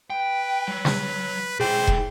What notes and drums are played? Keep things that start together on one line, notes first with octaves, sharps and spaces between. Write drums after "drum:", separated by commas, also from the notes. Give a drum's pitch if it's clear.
B4 G5
F#3
drum: snare
B1 E4 G#4 C5 G5
drum: kick